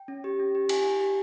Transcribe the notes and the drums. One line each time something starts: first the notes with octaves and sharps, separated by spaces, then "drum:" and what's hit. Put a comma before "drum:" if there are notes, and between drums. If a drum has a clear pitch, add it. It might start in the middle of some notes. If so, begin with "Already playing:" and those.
Already playing: G5
C#4
G4
C#4
G4
G4 G#5, drum: cymbal
G4
G4